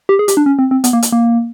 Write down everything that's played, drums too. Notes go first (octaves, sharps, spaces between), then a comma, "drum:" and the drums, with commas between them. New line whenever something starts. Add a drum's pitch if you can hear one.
G4
G#4
G4, drum: hi-hat
D4
C#4
C4
C4
B3, drum: hi-hat
A#3
drum: hi-hat
A#3